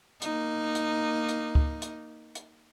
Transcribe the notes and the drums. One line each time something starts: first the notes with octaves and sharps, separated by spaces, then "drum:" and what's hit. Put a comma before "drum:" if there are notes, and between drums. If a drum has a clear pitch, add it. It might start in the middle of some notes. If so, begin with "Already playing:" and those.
A#3 D#4, drum: hi-hat
drum: hi-hat
drum: hi-hat
drum: kick C#2
drum: hi-hat
drum: hi-hat